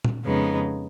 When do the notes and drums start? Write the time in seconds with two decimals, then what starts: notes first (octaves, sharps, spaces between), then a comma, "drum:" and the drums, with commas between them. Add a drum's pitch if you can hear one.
0.04 drum: tom A#2
0.25 F2 C#3 G#3 B3 D#4